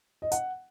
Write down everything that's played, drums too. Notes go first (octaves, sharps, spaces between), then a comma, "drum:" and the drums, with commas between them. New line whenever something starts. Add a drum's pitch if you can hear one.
D#5
F#5, drum: hi-hat